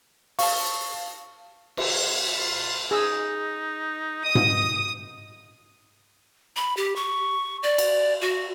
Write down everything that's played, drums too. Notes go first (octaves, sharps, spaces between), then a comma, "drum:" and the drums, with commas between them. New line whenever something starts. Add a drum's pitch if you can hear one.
F5 A5 C#6, drum: open hi-hat
drum: cymbal
F4
D#4 G#4 E6
D#5 D#6
drum: tom G#2
B5
G4
C#6
D5
drum: cymbal
F#4